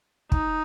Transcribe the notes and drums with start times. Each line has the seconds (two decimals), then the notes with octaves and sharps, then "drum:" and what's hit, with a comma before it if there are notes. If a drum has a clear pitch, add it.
0.32 D#4, drum: kick